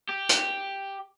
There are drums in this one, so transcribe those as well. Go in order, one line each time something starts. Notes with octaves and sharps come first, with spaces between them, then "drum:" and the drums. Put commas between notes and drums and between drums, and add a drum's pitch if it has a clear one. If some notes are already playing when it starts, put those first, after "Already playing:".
G4
drum: hi-hat